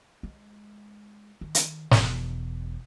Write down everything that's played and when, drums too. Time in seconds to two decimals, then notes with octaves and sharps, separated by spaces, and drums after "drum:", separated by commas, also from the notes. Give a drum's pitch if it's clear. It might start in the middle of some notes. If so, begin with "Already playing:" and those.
0.23 G#3
1.41 D#3
1.55 drum: hi-hat
1.91 E1 E3, drum: snare